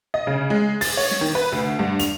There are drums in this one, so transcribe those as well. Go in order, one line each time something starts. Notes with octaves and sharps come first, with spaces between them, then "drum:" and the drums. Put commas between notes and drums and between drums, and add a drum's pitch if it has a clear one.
D#5
C#3
G#3
A6, drum: open hi-hat
C#5
drum: snare
D#3
B4
D2
G2
F7, drum: hi-hat